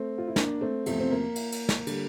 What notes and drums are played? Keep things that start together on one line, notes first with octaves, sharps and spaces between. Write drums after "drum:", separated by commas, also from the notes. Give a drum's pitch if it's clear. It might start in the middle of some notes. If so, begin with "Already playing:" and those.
Already playing: A3 C4
F4
E4
A#3 D4, drum: snare
A3 C4
E2 C3 F3 A3 C4, drum: cymbal
C4
A#3
drum: cymbal
drum: cymbal
drum: snare
D3 G3, drum: cymbal